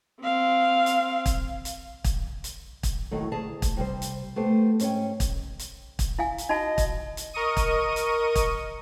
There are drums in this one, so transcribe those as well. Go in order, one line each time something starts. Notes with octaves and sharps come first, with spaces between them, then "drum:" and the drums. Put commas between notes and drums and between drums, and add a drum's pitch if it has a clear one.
C4 F5
drum: hi-hat
drum: kick, hi-hat
drum: hi-hat
drum: kick, hi-hat
drum: hi-hat
drum: kick, hi-hat
D#2 A2 D#3 F#3 A3
D2 G#4 A5 A#5
drum: kick, hi-hat
C3 G3 C5
drum: hi-hat
A3 B3 G4 C5
G#2 C#4 C5 C#5 G5, drum: hi-hat
drum: kick, hi-hat
drum: hi-hat
drum: kick, hi-hat
E4 F5 G#5
drum: hi-hat
D#4 F#4 D#5 A5
drum: kick, hi-hat
drum: hi-hat
A#4 D#5 C#6 D#6 D#7
drum: kick, hi-hat
drum: hi-hat
drum: kick, hi-hat